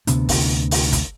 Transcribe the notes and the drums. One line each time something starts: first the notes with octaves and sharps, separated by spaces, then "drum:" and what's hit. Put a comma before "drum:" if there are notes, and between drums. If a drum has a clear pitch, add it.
D2 C3 B3 D4, drum: hi-hat
drum: kick, open hi-hat
drum: open hi-hat
drum: kick, hi-hat